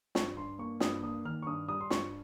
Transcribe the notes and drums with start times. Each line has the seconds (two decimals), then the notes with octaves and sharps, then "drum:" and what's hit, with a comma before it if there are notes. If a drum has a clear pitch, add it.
0.15 G2 C#6, drum: snare
0.37 G2 C6
0.59 A#3 C#6
0.80 G2 D#6, drum: snare
1.03 A#3 D#6
1.25 D#3 F6
1.42 C#6
1.46 G2 D#6
1.69 G3 D#6
1.81 C6
1.90 G2 C#6, drum: snare